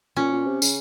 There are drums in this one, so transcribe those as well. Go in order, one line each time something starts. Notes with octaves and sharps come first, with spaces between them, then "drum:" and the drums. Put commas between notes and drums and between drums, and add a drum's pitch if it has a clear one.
A#2 C#4
A#2
C3
C#3, drum: tambourine